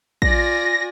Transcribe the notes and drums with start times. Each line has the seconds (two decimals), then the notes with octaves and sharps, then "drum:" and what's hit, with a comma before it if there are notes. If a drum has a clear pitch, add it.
0.22 F4 D5 G#5 A#6, drum: kick A1